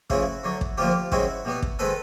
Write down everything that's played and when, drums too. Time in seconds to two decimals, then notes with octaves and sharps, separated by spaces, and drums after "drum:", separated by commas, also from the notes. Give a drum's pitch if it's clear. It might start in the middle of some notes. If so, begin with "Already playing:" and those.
0.10 D2 C#3 F3 E4 F#4, drum: kick
0.44 D2 D3 F#3
0.61 drum: kick
0.78 D2 D3 F3 A#3 F4 G4
1.12 F#2 D#3 G#3 C4 E4 F#4, drum: kick
1.45 B2 G3 B3
1.62 drum: kick
1.79 D#3 G#3 C4 A4 B4